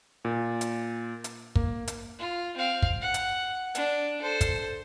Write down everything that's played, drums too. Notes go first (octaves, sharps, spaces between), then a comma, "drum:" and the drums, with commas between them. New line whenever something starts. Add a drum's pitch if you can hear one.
A#2
drum: hi-hat
drum: hi-hat
A#3, drum: kick
drum: hi-hat
F4
C4 F5
drum: kick
F#5
drum: hi-hat
D4, drum: hi-hat
A4 C5
drum: kick, hi-hat